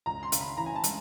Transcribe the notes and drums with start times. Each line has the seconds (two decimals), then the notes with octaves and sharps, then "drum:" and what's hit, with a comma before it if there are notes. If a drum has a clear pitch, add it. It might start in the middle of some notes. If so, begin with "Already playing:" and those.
0.06 C#2 A#5
0.23 C6
0.32 C#3, drum: hi-hat
0.41 B5
0.57 E3 A#5
0.66 G#5
0.75 A5
0.84 G#3, drum: hi-hat